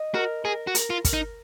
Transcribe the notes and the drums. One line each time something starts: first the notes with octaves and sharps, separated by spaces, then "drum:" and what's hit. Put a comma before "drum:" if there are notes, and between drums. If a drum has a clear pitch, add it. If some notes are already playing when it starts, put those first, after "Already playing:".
Already playing: D#5
F#4 A#4
G#4 A#4
F#4
A#4, drum: hi-hat
F4
A#4, drum: kick, hi-hat
D#4